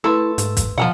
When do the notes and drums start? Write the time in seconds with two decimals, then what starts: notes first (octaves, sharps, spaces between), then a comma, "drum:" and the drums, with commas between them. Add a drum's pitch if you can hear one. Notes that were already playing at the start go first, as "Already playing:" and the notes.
0.04 A3 E4 A4 B4 C6 E6
0.38 G#2, drum: hi-hat
0.57 drum: kick, hi-hat
0.78 B2 F3 C#4 F#5